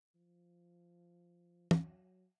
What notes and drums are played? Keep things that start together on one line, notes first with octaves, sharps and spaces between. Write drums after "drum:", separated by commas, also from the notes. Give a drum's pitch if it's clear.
F3
F#3, drum: tom